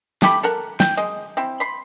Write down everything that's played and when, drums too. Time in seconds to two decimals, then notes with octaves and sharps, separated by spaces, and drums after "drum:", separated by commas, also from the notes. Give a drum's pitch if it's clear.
0.22 A3 G4 B5, drum: snare
0.43 A4 A#4 F#5
0.80 G5, drum: snare
0.97 G#3 D#5
1.37 C4 E4
1.60 B5 C6